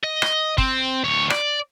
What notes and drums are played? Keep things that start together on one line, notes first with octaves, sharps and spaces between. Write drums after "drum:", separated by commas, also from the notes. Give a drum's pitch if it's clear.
D#5
drum: rim click
C4, drum: kick
D2 C#5
D5, drum: rim click